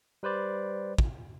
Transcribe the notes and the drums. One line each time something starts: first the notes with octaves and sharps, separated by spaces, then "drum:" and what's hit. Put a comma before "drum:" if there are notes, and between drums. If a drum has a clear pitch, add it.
G3 B4 C5 D5
drum: kick